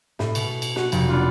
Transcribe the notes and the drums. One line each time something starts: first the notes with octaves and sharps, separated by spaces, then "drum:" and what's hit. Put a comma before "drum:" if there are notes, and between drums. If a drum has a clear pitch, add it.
A2, drum: snare
B2, drum: cymbal
drum: cymbal
F#4, drum: snare
F1, drum: cymbal
B3 D4 F4